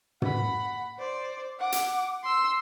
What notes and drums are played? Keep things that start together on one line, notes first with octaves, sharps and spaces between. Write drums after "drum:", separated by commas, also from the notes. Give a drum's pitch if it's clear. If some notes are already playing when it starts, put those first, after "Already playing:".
F#5 B5, drum: tom
C5 D5
F#5 D6
drum: hi-hat
C6 E6